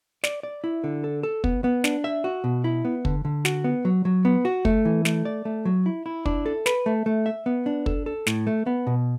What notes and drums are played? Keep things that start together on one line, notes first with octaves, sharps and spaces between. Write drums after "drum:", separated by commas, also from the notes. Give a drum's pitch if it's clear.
D5, drum: snare
D5
E4
D3
A4
A4
B3, drum: kick
B3
D4, drum: snare
E5
F#4
B2
E4
B3
D3, drum: kick
D3
F#4, drum: snare
B3
F#3
F#3
B3
F#4
A3, drum: kick
E3
A3, drum: snare
D5
A3
F#3
E4
E4
D4, drum: kick
A4
B4, drum: snare
A3
A3
E5
B3
D4
A4, drum: kick
A4
A2, drum: snare
A3
B3
B2